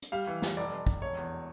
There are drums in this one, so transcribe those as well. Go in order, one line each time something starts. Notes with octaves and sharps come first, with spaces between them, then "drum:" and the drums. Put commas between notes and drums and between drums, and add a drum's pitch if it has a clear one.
drum: hi-hat
G3 F5
E3
G3, drum: snare
F1 D5
F1
F1, drum: kick
E1 C#5
E2